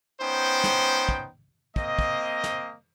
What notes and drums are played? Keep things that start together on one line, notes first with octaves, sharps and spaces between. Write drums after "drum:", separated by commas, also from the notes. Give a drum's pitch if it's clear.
B3 C#4 D#4 C5 G5
drum: snare
drum: kick
A#3 C4 D#5, drum: kick
drum: kick
drum: snare